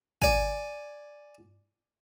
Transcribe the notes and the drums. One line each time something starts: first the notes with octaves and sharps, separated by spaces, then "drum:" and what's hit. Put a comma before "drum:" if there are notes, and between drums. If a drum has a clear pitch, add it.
D5 G#5, drum: kick